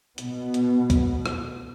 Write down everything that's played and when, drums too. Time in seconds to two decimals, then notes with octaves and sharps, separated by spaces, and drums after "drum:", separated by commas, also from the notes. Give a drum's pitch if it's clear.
0.18 B2 B3, drum: hi-hat
0.54 drum: hi-hat
0.90 drum: kick, hi-hat
1.26 drum: rim click